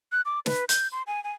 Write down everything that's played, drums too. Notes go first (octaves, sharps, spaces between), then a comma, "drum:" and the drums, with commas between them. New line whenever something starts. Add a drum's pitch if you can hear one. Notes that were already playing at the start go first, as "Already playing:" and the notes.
F#6
D6
B4, drum: snare
G6, drum: hi-hat
C6
G#5
G#5